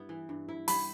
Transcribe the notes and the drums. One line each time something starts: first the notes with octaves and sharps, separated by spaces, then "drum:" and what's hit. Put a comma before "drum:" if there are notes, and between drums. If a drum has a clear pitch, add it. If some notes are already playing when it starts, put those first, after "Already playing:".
Already playing: G2 B3 E4
E3
G2
E4
G3 B5, drum: open hi-hat